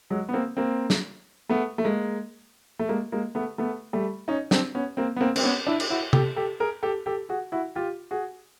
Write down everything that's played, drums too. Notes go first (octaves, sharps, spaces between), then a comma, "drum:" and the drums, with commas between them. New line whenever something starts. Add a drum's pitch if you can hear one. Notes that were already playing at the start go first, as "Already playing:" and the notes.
F#3 G#3
B3
A#3 C4
A#3 C4
drum: snare
A3 B3
A3
G#3 A#3
A3
G#3 A#3
G#3 A#3
A3 B3
A3 B3
G3 A3
C#4 D#4
C4 D4, drum: snare
B3 C#4
A#3 C4
B3
A#3 C4
C4, drum: cymbal
B3 C#4
D4 E4
drum: cymbal
E4 F#4
G4 A4, drum: tom
G4 A4
G#4 A#4
G4 A4
G4 A4
F#4 G#4
E4 F#4
F4 G4
F#4 G#4